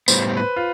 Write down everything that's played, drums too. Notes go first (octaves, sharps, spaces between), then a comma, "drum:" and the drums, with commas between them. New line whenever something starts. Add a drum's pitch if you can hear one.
A2 G3 B3 C5, drum: tambourine
B4
F4